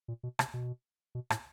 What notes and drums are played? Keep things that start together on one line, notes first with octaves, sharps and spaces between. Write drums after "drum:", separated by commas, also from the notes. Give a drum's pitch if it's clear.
A#2
B2
C3, drum: rim click
B2
B2
A2, drum: rim click